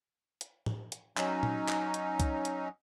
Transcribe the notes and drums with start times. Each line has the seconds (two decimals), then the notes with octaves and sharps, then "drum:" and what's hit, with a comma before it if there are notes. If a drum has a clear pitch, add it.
0.41 drum: hi-hat
0.66 drum: tom A2
0.92 drum: hi-hat
1.17 F#3 C#4 D#4, drum: clap
1.43 drum: tom A#2
1.68 drum: clap
1.94 drum: hi-hat
2.20 drum: kick C2, hi-hat
2.45 drum: hi-hat